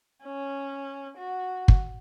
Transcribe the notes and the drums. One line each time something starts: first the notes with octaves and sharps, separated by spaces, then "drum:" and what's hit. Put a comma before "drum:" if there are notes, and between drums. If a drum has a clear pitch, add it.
C#4
F#4
drum: kick